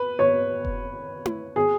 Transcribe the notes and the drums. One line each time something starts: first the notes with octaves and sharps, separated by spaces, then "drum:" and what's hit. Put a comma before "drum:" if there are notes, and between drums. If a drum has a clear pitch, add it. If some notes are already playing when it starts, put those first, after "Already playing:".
Already playing: B4
C#5
drum: kick F1
drum: tom E4
G#4